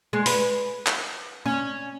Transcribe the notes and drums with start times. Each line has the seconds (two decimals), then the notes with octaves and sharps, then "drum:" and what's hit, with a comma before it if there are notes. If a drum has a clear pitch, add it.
0.13 G#3
0.26 B4, drum: open hi-hat
0.87 drum: clap
1.46 C#4